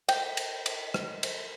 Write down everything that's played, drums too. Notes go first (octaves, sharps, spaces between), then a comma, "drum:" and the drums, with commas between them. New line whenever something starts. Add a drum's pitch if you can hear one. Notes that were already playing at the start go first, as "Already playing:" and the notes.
G5, drum: cymbal
drum: cymbal
drum: cymbal
drum: rim click
drum: cymbal